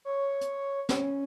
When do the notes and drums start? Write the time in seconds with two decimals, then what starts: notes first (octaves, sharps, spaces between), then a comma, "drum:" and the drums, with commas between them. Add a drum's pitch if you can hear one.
0.05 C#5
0.41 drum: hi-hat
0.89 C#4, drum: snare